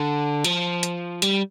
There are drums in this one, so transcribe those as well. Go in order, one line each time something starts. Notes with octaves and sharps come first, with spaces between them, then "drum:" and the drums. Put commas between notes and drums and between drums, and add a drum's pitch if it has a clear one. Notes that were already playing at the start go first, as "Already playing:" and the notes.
Already playing: D3
F3, drum: hi-hat
drum: hi-hat
G3, drum: hi-hat